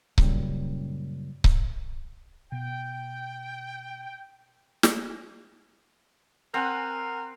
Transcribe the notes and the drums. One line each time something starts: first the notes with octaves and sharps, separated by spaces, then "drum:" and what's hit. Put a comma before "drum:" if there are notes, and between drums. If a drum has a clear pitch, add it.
F#2 A#2 C#3 G3, drum: kick C#1
drum: kick C#1
B2 G5
drum: snare
C4 A#4 F#5 G#5 F#6